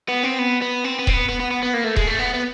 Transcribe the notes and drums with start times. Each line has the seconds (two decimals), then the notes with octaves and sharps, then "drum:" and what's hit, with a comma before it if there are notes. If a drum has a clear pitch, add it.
0.09 B3
0.23 C4
0.39 B3
0.62 B3
0.84 C4
0.99 B3
1.07 C4, drum: kick D#1
1.13 B3
1.29 B3
1.40 B3
1.51 B3
1.63 B3
1.74 A#3
1.84 A3
1.96 G#3, drum: kick D#1
2.07 A3
2.19 B3
2.34 B3